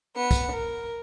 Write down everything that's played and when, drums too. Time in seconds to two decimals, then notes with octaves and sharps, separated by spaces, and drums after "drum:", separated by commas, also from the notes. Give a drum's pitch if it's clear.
0.16 B3 C#7
0.31 drum: kick, tambourine
0.52 A#4